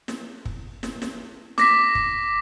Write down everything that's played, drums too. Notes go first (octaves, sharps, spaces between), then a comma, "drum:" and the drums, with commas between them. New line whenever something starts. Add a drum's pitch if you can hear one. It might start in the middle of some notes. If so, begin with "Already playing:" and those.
drum: snare
drum: kick
drum: snare
drum: snare
D6 A#6 B6, drum: snare
drum: kick